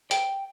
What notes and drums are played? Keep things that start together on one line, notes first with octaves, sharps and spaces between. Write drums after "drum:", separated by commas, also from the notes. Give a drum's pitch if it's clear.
G5, drum: hi-hat